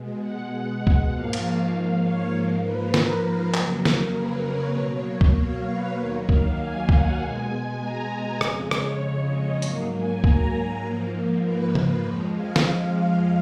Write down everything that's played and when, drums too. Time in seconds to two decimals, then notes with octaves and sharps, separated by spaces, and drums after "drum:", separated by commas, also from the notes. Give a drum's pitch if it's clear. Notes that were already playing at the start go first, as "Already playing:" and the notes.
Already playing: B2 G#3
0.20 F#5
0.87 drum: kick C2
1.12 G#2 F3 A#3 F5
1.33 drum: cymbal
2.02 C#5
2.34 G#2 F3 A#3
2.64 B4
2.94 A#4, drum: snare
3.54 F2 C#3 F#3 A#3 A#4, drum: clap
3.85 A#4, drum: snare
4.15 B4
4.46 C#5
4.76 B2 F#3 A#3 C#5
5.21 drum: kick C2
5.38 F5
5.68 B4
5.97 D#2 D#3 F#3 A#3 C#5
6.29 F5, drum: kick C2
6.58 G#5
6.89 F#5, drum: kick C2
7.19 B2 G#3 G#5
7.81 A#5
8.10 A#5
8.41 F2 C#3 G#3 G#5, drum: rim click
8.71 C#5, drum: rim click
9.32 D#5
9.62 G#2 F#3 A#3 F5, drum: hi-hat
9.93 G#5
10.24 A#5, drum: kick C2
10.54 G#5
10.85 G#2 F3 A#3
11.45 B4
11.75 B4, drum: tom C#3
12.05 F2 F3 G#3 C#5
12.36 F5
12.56 drum: snare